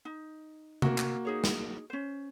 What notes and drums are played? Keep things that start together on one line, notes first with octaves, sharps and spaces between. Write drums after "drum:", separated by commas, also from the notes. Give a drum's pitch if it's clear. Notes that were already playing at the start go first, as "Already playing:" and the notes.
D#4
A#3 F#4, drum: tom C3
drum: clap
D#4 G#4 C#5
drum: snare
C#4 C5